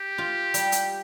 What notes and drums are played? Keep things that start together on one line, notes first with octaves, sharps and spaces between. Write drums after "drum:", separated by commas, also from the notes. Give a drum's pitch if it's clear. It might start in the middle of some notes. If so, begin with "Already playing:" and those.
Already playing: G4
F4
G3, drum: hi-hat
drum: hi-hat